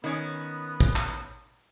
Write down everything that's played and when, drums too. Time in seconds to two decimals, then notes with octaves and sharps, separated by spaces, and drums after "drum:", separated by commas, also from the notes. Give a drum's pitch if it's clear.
0.04 D#3 B3 C#4
0.80 drum: kick
0.96 drum: clap